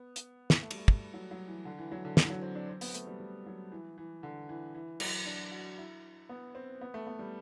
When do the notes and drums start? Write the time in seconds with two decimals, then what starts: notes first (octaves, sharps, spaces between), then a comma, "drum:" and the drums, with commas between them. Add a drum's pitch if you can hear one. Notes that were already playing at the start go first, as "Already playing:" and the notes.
Already playing: B3
0.16 drum: hi-hat
0.50 drum: snare
0.62 A3
0.71 G3, drum: cymbal
0.78 A3
0.88 G3, drum: kick
1.14 F#3
1.31 F#3
1.48 E3
1.65 D3
1.78 E3
1.92 F#3
2.05 D3
2.17 E3, drum: snare
2.30 F#3
2.42 C4
2.55 D4
2.69 C4
2.81 B3, drum: open hi-hat
2.94 A3, drum: hi-hat
3.07 G3
3.20 G3
3.46 F#3
3.72 E3
3.98 E3
4.23 D3
4.49 E3
4.74 E3
5.00 F#3, drum: cymbal
5.26 D4
5.51 F#4
5.78 E4
6.29 B3
6.55 C4
6.81 B3
6.94 A3
7.07 B3
7.19 G3